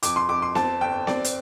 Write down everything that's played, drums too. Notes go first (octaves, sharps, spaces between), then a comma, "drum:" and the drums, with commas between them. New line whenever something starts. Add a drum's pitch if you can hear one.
F2 D6, drum: hi-hat
C6
F2 D6
C6
C4 A5, drum: snare B3
G1 G5
C4 D5, drum: snare B3
drum: hi-hat